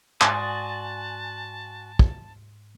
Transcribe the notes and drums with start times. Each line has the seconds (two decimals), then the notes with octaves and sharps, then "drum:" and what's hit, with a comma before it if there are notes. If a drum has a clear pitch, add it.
0.21 G#2 F#4 D5 G#5 A5 C6 D#6, drum: clap
1.99 drum: kick